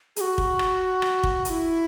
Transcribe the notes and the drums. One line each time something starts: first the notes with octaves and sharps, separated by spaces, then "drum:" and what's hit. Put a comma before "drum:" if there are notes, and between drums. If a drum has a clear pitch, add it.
G#4, drum: hi-hat
F#4
drum: kick
drum: rim click
drum: rim click
drum: kick
F#4, drum: hi-hat
E4